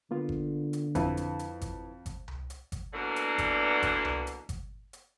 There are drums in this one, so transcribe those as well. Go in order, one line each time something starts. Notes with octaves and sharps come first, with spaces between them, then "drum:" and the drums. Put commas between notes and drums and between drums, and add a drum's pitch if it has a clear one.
D3 A#3 B3 F4
drum: kick G1
drum: hi-hat
F2 E4 B4, drum: kick G1, hi-hat
drum: hi-hat
drum: hi-hat
drum: kick G1, hi-hat
drum: kick G1, hi-hat
drum: tom C2
drum: hi-hat
drum: kick G1, hi-hat
B2 D3 E3 F#3 A#3 D4
drum: hi-hat
drum: kick G1, hi-hat
drum: kick G1, hi-hat
drum: tom C2
drum: hi-hat
drum: kick G1, hi-hat
drum: hi-hat